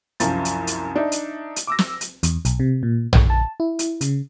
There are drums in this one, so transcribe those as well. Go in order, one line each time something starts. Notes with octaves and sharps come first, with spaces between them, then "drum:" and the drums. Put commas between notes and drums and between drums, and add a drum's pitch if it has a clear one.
C2 F#2 F3 A6, drum: hi-hat
drum: hi-hat
drum: hi-hat
D4 D#4 E5
drum: hi-hat
drum: hi-hat
D6 E6 A#6
drum: snare
drum: hi-hat
E2, drum: hi-hat
B1, drum: hi-hat
C3
A#2
A1, drum: tom A#1
A5
E4
drum: hi-hat
C#3, drum: hi-hat